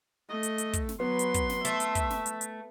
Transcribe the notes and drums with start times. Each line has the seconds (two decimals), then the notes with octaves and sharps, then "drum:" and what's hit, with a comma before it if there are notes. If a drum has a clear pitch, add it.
0.29 A3 D#5
0.43 drum: hi-hat
0.58 drum: hi-hat
0.73 drum: kick, hi-hat
0.89 drum: snare
1.00 F#3 B3 B4 C6
1.19 drum: hi-hat
1.34 drum: kick, hi-hat
1.50 drum: snare
1.65 A3 E5, drum: hi-hat
1.80 drum: hi-hat
1.95 drum: kick, hi-hat
2.10 drum: snare
2.26 drum: hi-hat
2.41 drum: hi-hat